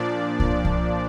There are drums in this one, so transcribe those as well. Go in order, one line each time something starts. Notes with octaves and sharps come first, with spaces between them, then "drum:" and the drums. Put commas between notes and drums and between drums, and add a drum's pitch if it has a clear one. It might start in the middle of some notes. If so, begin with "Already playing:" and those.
Already playing: A#2 F3 D4 D5
D5, drum: kick C2
drum: kick C2